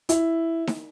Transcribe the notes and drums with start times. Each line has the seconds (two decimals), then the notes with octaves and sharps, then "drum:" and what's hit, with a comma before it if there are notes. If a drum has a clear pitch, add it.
0.09 E4, drum: hi-hat
0.67 drum: snare D#4